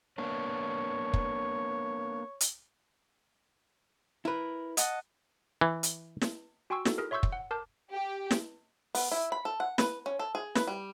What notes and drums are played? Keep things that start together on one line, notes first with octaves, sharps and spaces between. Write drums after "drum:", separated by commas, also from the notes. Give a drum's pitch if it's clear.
A#3 B3 D4 C#5
drum: kick
drum: hi-hat
E4 A#4 B4
D#5 F#5 A5, drum: hi-hat
E3
drum: hi-hat
drum: snare
F#4 G5 G#5 C6 C#6 E6
D#4 F#4 A4, drum: snare
E4 G#4 A#4
C#5 E5 C6 C#6 E6 G6
drum: kick
F#5
A#4 A5 D6 G6
G4
drum: snare
B3, drum: open hi-hat
E4
B5
A4
F#5
B4, drum: snare
C#4
A4
G#4
B4, drum: snare
G3